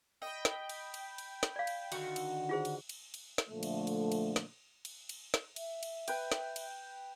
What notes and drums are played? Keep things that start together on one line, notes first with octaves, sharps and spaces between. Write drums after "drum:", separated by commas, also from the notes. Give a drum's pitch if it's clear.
D#5 G5 B5
drum: snare
drum: cymbal
drum: cymbal
drum: cymbal
drum: snare
D5 F5
drum: cymbal
D3 D#3 F#4, drum: cymbal
drum: cymbal
F4 G#4 C5
drum: cymbal
drum: cymbal
drum: cymbal
drum: snare
A#2 D3 F3 A3
drum: cymbal
drum: cymbal
drum: cymbal
drum: snare
drum: cymbal
drum: cymbal
drum: snare
E5, drum: cymbal
drum: cymbal
B4 G5, drum: cymbal
drum: snare
drum: cymbal